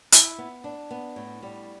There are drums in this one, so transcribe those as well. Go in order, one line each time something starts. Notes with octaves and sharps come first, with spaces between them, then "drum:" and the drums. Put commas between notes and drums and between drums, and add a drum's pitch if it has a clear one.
E4, drum: hi-hat
B3
D4
B3
A2
G3